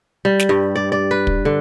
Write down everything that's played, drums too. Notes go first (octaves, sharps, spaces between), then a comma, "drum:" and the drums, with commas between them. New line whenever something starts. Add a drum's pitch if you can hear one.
G3
drum: snare
G2
D5
D5
B4
drum: kick
D3